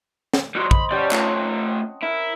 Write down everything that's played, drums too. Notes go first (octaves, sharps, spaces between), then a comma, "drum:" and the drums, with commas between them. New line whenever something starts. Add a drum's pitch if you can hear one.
drum: snare
G3 F#4 C5 D#5 C6
B5, drum: kick
C#4 G4 D5 F#5 A5
A3 C4 F4, drum: clap
E4 A#4